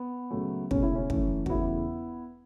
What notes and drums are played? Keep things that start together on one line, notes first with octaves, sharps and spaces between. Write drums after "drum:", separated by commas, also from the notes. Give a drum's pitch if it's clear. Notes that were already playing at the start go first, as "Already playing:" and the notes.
Already playing: B3
C#2 C#3 F#3 A3
C#2 B2 A3 C#4, drum: kick
E4
C#4
F#2 E3 A3, drum: kick
F#4, drum: kick
E2 C#3 E3 A3 B3 E4